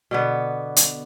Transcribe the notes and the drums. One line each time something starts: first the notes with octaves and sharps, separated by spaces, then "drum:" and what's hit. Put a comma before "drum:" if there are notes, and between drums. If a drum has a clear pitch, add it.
B2 D3 B3
drum: hi-hat